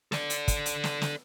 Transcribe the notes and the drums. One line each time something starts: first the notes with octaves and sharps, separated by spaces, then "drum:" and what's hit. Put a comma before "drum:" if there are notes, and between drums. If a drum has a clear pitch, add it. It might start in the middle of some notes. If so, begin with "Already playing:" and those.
A4 D5, drum: snare
drum: hi-hat
drum: kick, hi-hat
drum: hi-hat
drum: snare
drum: snare